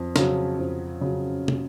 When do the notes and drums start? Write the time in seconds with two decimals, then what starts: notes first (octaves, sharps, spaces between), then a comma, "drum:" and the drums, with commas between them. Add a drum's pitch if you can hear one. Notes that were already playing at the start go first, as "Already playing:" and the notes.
Already playing: F2
0.16 C#3 F#3, drum: snare
0.59 F2
1.01 C#3 F#3
1.48 drum: tom